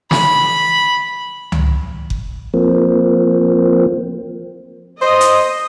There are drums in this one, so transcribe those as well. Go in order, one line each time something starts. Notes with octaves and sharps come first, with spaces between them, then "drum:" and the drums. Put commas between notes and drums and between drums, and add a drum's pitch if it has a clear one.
B5, drum: snare
drum: tom C#2
drum: kick F#1
F3 A#3 C4
C5 D#5
drum: hi-hat